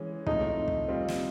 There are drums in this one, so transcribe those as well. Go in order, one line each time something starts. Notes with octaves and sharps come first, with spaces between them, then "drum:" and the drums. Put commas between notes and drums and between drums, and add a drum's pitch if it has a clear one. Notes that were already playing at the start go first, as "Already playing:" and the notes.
Already playing: E3 G#3 C#4
A2 F3 A3 C4 D#4, drum: kick
drum: kick
G3 C4 F4
drum: snare